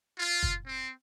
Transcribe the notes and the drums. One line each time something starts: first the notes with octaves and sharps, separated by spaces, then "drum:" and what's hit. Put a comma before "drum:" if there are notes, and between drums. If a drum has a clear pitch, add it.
F4
drum: kick
C4